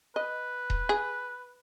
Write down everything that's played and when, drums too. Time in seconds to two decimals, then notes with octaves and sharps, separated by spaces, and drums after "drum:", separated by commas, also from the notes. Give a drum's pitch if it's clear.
0.16 B4 D#5
0.70 drum: kick D#1
0.89 G#4